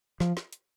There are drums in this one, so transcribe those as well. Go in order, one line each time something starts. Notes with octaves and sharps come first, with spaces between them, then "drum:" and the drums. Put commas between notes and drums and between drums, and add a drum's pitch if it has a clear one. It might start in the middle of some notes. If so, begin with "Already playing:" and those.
F3, drum: snare
drum: snare
drum: hi-hat